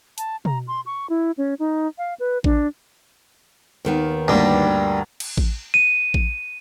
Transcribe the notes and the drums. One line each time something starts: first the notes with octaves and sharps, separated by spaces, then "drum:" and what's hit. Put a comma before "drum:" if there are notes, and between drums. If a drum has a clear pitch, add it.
A5, drum: hi-hat
A#5, drum: tom B2
C6
C#6
E4
C#4
D#4
F5
B4
D4, drum: kick A1
D#2 D#3 B3
D2 G2 G3 A#3
drum: cymbal
drum: kick A1
D#7
drum: kick A1